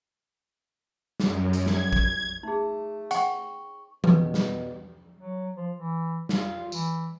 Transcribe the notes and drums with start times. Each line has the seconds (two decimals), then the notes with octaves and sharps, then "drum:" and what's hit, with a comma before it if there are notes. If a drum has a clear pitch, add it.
1.20 F#2, drum: snare
1.53 drum: hi-hat
1.66 G#6, drum: snare
1.93 drum: kick
2.43 A3 D#4 G#4
3.11 F#5 G5 C#6, drum: hi-hat
4.04 B2 B4, drum: tom E3
4.34 drum: snare
5.17 F#3
5.56 F3
5.76 E3
6.29 F4, drum: snare
6.72 E3, drum: tambourine